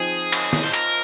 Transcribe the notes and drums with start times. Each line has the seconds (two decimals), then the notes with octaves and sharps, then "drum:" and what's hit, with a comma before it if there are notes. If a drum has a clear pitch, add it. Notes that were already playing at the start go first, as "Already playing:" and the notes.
Already playing: F3 C4 D#4 G#4
0.32 drum: cymbal
0.53 drum: snare
0.63 C5
0.73 A#4, drum: cymbal